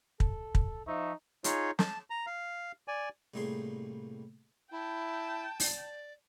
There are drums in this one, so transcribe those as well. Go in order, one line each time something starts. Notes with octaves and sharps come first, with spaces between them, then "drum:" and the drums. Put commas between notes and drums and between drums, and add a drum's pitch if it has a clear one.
A4, drum: kick
drum: kick
F3 D#4 E5 C#6
D#4 F4 G#4 C#5, drum: hi-hat
A5, drum: snare
A#5
F5
D5 G#5
C2 A2 G3 A#3 G#4 C6
E4 G5 A5
D5, drum: open hi-hat